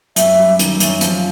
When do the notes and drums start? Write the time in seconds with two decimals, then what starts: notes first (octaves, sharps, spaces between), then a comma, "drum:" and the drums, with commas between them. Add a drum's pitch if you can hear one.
0.16 F#2 E5, drum: hi-hat
0.37 G3
0.59 D#3, drum: hi-hat
0.80 F#2, drum: hi-hat
1.01 F3, drum: hi-hat